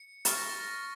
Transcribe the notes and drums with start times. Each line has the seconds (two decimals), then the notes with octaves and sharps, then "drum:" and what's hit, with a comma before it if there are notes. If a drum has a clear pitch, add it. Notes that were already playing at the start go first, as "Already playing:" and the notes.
Already playing: C#7
0.25 C#6 F6 A6, drum: hi-hat
0.37 A#6
0.49 A6